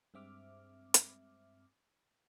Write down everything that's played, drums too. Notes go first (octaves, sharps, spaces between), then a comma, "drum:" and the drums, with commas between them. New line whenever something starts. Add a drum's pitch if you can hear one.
G2 G#3 C4 E5 D6 F6
drum: hi-hat